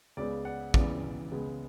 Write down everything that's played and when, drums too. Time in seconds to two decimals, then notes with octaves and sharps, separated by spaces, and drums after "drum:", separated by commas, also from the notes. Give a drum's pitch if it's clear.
0.17 C#2 C#3 G#3 B3 D5
0.45 D5 F#5
0.74 C#2 C#3 E3 B3 D5, drum: kick
1.32 C#2 C#3 G#3 B3